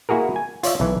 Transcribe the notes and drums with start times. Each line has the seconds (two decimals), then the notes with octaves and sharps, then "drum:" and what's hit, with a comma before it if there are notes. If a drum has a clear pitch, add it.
0.09 A#3 E4 F#4 G#4 A#4
0.36 G#5
0.63 F4 C#5 D5 E5, drum: hi-hat
0.80 B1 E3